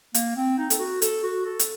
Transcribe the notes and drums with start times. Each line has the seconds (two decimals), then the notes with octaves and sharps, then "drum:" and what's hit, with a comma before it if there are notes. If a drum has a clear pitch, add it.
0.14 A#3, drum: hi-hat
0.36 C4
0.58 D#4
0.70 A4, drum: hi-hat
0.79 F#4
1.02 A4, drum: hi-hat
1.23 F#4
1.45 A4
1.59 drum: hi-hat